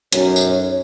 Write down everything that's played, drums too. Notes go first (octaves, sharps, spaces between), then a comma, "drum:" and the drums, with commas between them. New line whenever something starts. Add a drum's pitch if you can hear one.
B1 F#2 C#5, drum: hi-hat
drum: tambourine